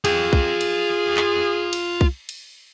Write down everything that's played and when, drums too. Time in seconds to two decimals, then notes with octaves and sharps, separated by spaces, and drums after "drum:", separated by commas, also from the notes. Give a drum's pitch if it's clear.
0.05 F4 G#4 G5, drum: cymbal
0.33 drum: kick
0.61 drum: cymbal
1.17 drum: clap
1.73 drum: cymbal
2.01 drum: kick
2.29 drum: cymbal